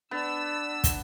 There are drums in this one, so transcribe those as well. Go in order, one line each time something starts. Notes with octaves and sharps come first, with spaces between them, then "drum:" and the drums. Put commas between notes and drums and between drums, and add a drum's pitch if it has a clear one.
B3 D4 E6
drum: kick, hi-hat